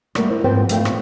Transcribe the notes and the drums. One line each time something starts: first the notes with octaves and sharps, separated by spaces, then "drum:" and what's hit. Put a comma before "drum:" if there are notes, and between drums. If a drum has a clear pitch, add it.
G3 A3 A#3 D4 F#4 D5, drum: rim click
E4 A#4 C5
G#2 F3 C4 B4 C5 G5
E2 D3 A3 E4 F5 G5, drum: hi-hat
A#2, drum: rim click